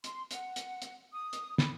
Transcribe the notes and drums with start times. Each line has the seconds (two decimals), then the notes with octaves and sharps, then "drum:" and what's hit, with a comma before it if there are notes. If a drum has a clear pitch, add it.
0.04 C6, drum: hi-hat
0.31 F#5, drum: hi-hat
0.56 drum: hi-hat
0.82 drum: hi-hat
1.12 D#6
1.33 drum: hi-hat
1.58 B5, drum: snare